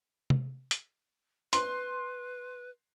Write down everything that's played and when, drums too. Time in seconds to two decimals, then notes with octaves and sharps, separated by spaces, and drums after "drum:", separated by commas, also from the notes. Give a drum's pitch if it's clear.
0.30 drum: tom
0.71 drum: hi-hat
1.53 B4 C6, drum: hi-hat